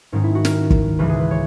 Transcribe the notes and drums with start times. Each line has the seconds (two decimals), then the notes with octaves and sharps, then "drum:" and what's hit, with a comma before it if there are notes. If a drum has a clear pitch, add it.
0.12 G#2 D#3 G#3 C#4
0.24 E4
0.35 F#4
0.45 A#4, drum: snare
0.70 drum: kick
0.99 C#2 C#3 E3 G#3 B4
1.09 G#4
1.20 B4
1.31 C#5